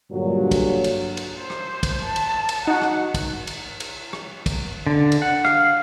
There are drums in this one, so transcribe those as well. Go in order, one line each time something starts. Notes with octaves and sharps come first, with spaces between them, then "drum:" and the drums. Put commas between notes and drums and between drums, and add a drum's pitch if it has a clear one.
G2 A#2 D3 F#3
drum: kick, cymbal
drum: cymbal
drum: cymbal
C5
drum: rim click
drum: kick, cymbal
A5
drum: cymbal
drum: cymbal
D#4 F#4 F#5
drum: rim click
drum: kick, cymbal
drum: cymbal
drum: cymbal
drum: rim click
drum: kick, cymbal
D3
drum: cymbal
F#5
F5, drum: rim click